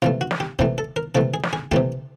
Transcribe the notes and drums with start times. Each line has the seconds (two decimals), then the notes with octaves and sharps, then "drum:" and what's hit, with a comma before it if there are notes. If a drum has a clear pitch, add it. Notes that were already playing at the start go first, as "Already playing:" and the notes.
0.02 C3 E3 A3 F4
0.21 F#4
0.31 drum: snare
0.40 G4
0.59 C3 E3 A3 G4, drum: kick
0.78 A4
0.96 A#4
1.15 C3 E3 A3 A4
1.34 G#4
1.43 drum: snare
1.53 G#4
1.72 C3 E3 A3 G4, drum: kick